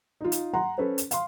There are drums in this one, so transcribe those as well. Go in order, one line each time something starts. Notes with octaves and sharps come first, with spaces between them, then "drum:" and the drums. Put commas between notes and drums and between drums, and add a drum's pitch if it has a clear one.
D#4 F4
drum: hi-hat
F#5 A#5 C6
C#4 A4 B4 C5
drum: hi-hat
F5 C6, drum: hi-hat